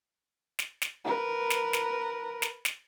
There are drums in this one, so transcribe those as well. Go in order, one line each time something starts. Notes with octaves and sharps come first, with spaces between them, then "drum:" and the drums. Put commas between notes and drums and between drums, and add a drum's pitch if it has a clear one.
drum: snare
drum: snare
A#4 B4
drum: snare
drum: snare
drum: snare
drum: snare